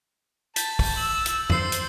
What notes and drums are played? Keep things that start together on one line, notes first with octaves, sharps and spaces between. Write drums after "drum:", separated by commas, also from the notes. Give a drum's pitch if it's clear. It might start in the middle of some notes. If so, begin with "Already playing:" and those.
A5 G6 A6 B6, drum: hi-hat
drum: kick, open hi-hat
E6 F#7
drum: hi-hat
C5 E6 C7, drum: tom F2
drum: hi-hat